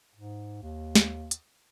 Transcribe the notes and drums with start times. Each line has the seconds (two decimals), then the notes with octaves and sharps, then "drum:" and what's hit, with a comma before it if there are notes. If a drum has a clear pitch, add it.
0.15 G#2
0.62 D#2
0.95 drum: snare
1.31 drum: hi-hat